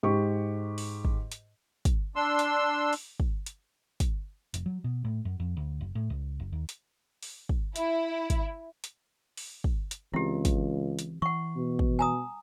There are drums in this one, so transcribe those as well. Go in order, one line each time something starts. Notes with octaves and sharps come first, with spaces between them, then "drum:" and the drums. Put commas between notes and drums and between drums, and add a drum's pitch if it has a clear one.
G#2 G4 C#6
drum: open hi-hat
drum: kick
drum: hi-hat
drum: kick, hi-hat
D4 C6 E6
drum: hi-hat
drum: open hi-hat
drum: kick
drum: hi-hat
drum: kick, hi-hat
F1, drum: hi-hat
F#3
B2
A2
F#2
F2
D2
F#1
A2
C#2
F#1
D#2
drum: hi-hat
drum: open hi-hat
drum: kick
E4, drum: hi-hat
drum: kick, hi-hat
drum: hi-hat
drum: open hi-hat
drum: kick
drum: hi-hat
C#2 E3 C4 E4 G4
drum: kick, hi-hat
drum: hi-hat
E3 F#5 C#6
B2
drum: kick
G#5 A#5 D#6